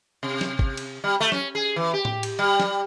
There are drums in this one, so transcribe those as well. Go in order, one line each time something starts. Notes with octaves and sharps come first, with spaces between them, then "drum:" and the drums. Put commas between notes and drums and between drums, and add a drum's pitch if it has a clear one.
C3
drum: snare
drum: kick G#1
drum: cymbal
G3
A3
C#4, drum: snare
G#4
E3
G4
drum: tom A2
drum: cymbal
G3
drum: snare